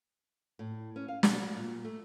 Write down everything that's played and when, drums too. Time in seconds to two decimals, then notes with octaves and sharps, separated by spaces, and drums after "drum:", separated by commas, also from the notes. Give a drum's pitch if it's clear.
0.59 A2
0.96 C#4
1.08 F5
1.23 B2, drum: snare
1.43 F#4
1.56 A#2
1.85 A3